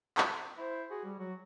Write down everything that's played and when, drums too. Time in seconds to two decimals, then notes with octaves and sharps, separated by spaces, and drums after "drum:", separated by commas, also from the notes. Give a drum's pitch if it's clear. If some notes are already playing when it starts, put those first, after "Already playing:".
0.18 drum: clap
0.57 E4 C5
0.91 F#4 G#4
1.05 G3
1.20 F#3 F#4